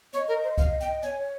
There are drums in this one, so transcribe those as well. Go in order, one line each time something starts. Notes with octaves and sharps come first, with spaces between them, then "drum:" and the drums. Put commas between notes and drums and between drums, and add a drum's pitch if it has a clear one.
C#5 D#5, drum: hi-hat
A#4
C5
F5, drum: kick C2, hi-hat
G5, drum: hi-hat
C#5 G#5, drum: hi-hat